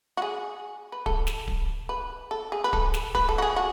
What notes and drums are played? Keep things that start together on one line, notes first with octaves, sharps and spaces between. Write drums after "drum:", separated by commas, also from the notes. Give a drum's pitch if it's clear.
F#4
G#4
B4
A4, drum: kick D1
drum: snare
drum: kick D1
B4
A4
G#4
B4
A4, drum: kick D1
drum: snare
B4, drum: kick D1
A4
F#4
G#4
F#4